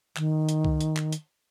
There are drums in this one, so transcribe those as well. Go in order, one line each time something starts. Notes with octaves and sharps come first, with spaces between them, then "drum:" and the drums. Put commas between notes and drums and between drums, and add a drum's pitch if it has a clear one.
D#3, drum: clap
drum: hi-hat
drum: kick C2
drum: hi-hat
drum: clap
drum: hi-hat